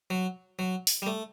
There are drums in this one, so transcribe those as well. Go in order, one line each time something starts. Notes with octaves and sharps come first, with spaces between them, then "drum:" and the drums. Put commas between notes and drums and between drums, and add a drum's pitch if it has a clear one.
F#3
F#3
drum: open hi-hat
G3
A3